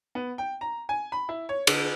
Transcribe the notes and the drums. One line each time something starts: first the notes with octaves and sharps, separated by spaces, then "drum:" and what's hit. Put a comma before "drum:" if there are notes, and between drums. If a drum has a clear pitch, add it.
B3
G5
A#5
G#5
B5
E4
C#5
D3, drum: cymbal